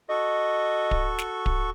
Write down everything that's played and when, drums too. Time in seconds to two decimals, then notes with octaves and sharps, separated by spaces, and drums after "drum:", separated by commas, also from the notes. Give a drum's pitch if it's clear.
0.09 F#4 A4 D#5 C#6
0.91 drum: kick D1
1.18 drum: snare
1.46 drum: kick D1